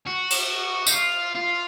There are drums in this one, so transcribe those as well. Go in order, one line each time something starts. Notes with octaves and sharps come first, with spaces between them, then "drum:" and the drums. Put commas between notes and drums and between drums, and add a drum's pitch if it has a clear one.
F#4
drum: cymbal
D#4, drum: tambourine
F4
F4